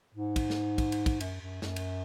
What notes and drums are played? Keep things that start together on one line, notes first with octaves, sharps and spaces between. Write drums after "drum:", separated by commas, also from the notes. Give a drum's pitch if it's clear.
G#2
drum: kick, cymbal
drum: snare
drum: kick, cymbal
drum: cymbal
drum: kick, cymbal
F#2, drum: cymbal
F#2
F#2, drum: snare
drum: cymbal